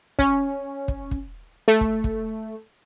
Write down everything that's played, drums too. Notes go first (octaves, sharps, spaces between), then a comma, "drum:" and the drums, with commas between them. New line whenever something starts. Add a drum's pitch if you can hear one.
C#4, drum: kick
drum: kick
drum: kick
A3
drum: kick
drum: kick